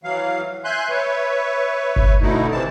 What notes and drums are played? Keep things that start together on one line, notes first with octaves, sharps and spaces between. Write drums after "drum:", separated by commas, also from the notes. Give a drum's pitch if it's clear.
E3 F#3 F5
E5 G#5 C6 F#6 G6
B4 C#5 E5
drum: kick G1
B2 D3 A3 D#4 E4
C3 D#3 E3 C4 A5